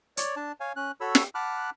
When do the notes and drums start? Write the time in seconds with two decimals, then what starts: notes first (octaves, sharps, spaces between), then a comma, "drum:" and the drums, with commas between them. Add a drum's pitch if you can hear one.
0.17 C#5 D5, drum: hi-hat
0.36 D4 A5
0.60 C#5 F5 G#5
0.76 C#4 F#6
1.01 F#4 A4 C#5 B5 E6
1.15 drum: snare
1.35 F#5 A5 B5 D6 F6 F#6